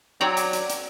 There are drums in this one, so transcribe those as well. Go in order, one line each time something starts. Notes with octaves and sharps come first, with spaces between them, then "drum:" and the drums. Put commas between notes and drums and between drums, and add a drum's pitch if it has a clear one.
F#3 C4 C#5 D5 A#5
drum: hi-hat
drum: hi-hat
drum: hi-hat